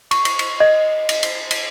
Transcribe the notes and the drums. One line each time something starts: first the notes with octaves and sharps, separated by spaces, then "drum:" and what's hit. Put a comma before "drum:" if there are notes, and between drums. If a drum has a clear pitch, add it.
C#6, drum: cymbal
drum: cymbal
drum: cymbal
D#5
drum: cymbal
drum: cymbal
drum: cymbal